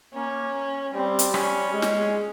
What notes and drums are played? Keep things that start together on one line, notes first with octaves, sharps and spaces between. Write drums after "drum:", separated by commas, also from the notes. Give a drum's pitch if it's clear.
A#3 C#4
G3 C4
drum: hi-hat
G3 C#4, drum: rim click
G#3
drum: snare